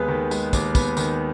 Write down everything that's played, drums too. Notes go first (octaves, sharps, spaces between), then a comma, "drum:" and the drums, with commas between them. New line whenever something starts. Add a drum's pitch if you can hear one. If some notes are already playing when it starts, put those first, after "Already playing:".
Already playing: D#2 G#3 B3 G#4 B4
D#3
G#3, drum: tambourine
D#2, drum: kick, tambourine
B3, drum: kick, tambourine
D#3, drum: tambourine